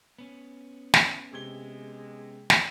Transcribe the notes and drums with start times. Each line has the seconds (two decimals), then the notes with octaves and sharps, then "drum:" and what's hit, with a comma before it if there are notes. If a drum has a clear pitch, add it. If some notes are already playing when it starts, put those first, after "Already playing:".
0.18 B3 C#4
0.94 drum: snare
1.33 C3 G#3 G#6 G7
2.50 drum: snare